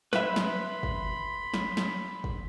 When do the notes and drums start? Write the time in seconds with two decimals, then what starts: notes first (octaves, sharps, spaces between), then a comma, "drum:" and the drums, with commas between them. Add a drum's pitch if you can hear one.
0.13 B4 E5 B5 C6, drum: snare
0.36 drum: snare
0.83 drum: kick
1.54 drum: snare
1.77 drum: snare
2.24 drum: kick